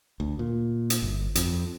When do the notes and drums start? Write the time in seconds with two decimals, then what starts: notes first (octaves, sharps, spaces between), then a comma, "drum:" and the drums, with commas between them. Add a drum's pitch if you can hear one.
0.20 D2
0.39 A#2
0.90 drum: hi-hat
1.02 G1
1.35 F2, drum: hi-hat